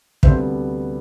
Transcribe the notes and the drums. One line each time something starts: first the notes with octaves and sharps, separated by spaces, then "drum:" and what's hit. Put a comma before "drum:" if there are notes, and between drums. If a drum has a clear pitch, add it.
D2 C3 G3 B3 C5 E5, drum: kick